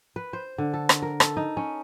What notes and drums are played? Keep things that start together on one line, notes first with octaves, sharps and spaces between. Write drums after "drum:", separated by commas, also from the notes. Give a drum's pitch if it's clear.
B4
C5
D3
A4
drum: rim click
A#4
A4, drum: rim click
D#4
C#4